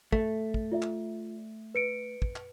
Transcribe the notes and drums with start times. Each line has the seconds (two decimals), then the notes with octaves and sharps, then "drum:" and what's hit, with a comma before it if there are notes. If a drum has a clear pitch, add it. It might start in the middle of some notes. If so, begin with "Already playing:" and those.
0.12 A3, drum: kick
0.54 drum: kick
0.72 F4 D5 E5
0.82 drum: clap
1.75 B4 C#7 D7
2.22 drum: kick
2.36 drum: clap